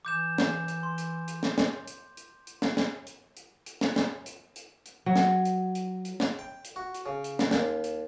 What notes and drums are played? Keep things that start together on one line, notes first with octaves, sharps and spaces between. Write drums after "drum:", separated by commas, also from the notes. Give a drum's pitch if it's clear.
E3 D6 G6 E7
drum: snare
drum: hi-hat
C6
drum: hi-hat
drum: hi-hat
drum: snare
drum: snare
drum: hi-hat
drum: hi-hat
drum: hi-hat
drum: snare
drum: snare
drum: hi-hat
drum: hi-hat
drum: hi-hat
drum: snare
drum: snare
drum: hi-hat
drum: hi-hat
drum: hi-hat
F#3
drum: snare
drum: hi-hat
drum: hi-hat
drum: hi-hat
drum: snare
G5
drum: hi-hat
F#4
drum: hi-hat
C#3
drum: hi-hat
drum: snare
D#2, drum: snare
drum: hi-hat